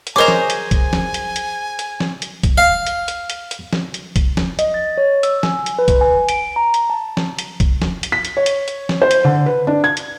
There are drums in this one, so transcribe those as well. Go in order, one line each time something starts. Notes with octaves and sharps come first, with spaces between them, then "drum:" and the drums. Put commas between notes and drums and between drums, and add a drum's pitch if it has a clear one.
drum: hi-hat
G#4 A#4 C5 C#5 D#5 G#5 A#5 D6
drum: snare
drum: hi-hat
drum: kick B1, hi-hat
drum: snare
drum: hi-hat
drum: hi-hat
drum: hi-hat
drum: snare
drum: hi-hat
drum: kick B1, hi-hat
F5
drum: hi-hat
drum: hi-hat
drum: hi-hat
drum: hi-hat
drum: snare
drum: hi-hat
drum: kick B1, hi-hat
drum: snare
D#5, drum: hi-hat
A6
C#5
E6, drum: hi-hat
G#5, drum: snare
drum: hi-hat
B4
drum: kick B1, hi-hat
G#5
D7, drum: hi-hat
A#5
drum: hi-hat
A5
drum: snare
drum: hi-hat
drum: kick B1, hi-hat
drum: snare
drum: hi-hat
B6
drum: hi-hat
C#5
drum: hi-hat
drum: hi-hat
drum: snare
C5
drum: hi-hat
D3
B4
D4
G#6
drum: hi-hat